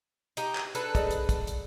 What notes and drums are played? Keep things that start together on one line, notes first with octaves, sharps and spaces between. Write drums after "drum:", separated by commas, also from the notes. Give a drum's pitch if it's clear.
D#4 G4, drum: hi-hat
drum: clap
D4 A4 B4, drum: hi-hat
G#4 D5 D#5, drum: kick, hi-hat
drum: hi-hat
drum: kick, hi-hat
drum: hi-hat